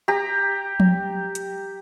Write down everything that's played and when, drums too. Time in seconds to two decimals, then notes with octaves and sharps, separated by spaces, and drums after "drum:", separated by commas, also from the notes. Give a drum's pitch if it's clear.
0.08 G4 A#5
0.80 drum: tom F3
1.35 drum: hi-hat